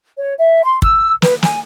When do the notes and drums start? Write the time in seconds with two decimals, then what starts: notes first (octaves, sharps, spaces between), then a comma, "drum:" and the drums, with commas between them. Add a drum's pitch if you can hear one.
0.19 C#5
0.39 E5
0.65 C6
0.82 E6, drum: kick
1.22 B4, drum: snare
1.43 G#5, drum: snare